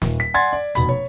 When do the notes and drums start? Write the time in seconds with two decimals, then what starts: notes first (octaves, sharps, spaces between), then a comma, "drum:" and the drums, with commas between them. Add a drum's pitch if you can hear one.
0.02 D#1, drum: snare
0.20 B6
0.34 D5 F#5 G#5 C6 G#6 A6
0.53 D5
0.75 F1 B2 B5, drum: hi-hat
0.89 C#5